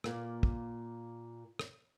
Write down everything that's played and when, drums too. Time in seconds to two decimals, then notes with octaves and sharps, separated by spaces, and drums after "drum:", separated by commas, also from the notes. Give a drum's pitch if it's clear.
0.04 A#2 A#3, drum: rim click
0.43 drum: kick
1.59 drum: rim click